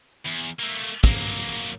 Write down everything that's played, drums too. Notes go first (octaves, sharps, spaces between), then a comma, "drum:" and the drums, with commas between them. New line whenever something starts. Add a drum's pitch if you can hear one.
E2
A3 A#3
F#3 A#3, drum: kick